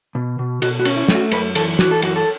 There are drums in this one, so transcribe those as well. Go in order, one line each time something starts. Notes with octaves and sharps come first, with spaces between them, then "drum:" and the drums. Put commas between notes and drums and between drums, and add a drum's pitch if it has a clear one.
B2
B2
B2 F#4, drum: cymbal
F#4
C#4, drum: cymbal
E4
A3, drum: snare
F#4
F#2 B4, drum: cymbal
E3 A4, drum: cymbal
E3 F#4, drum: snare
A4
F#2 F#4, drum: cymbal
A4